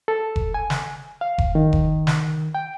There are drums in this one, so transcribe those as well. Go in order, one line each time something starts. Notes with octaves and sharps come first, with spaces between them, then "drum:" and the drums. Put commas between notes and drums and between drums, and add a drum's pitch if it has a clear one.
A4
drum: kick F1
G#5
drum: snare
F5
drum: kick F1
D#3
drum: kick F1
drum: snare
G5